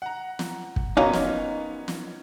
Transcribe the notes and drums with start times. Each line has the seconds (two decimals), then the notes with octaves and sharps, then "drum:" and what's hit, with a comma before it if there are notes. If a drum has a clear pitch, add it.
0.02 F#5 A#5
0.39 drum: snare
0.76 drum: kick
0.97 F#3 A#3 B3 C#4 D#4 F4
1.13 drum: snare
1.88 drum: snare